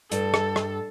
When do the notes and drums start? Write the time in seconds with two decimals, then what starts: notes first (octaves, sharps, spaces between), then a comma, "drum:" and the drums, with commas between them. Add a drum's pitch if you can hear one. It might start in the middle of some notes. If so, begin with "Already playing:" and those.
0.11 G2 A4, drum: hi-hat
0.34 drum: rim click
0.56 drum: rim click